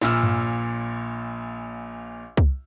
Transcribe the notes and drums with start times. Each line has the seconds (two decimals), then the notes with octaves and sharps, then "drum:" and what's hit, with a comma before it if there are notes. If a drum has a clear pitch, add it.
0.02 A#1 A#2 E6 F6, drum: snare
0.23 drum: tom G2
2.37 drum: kick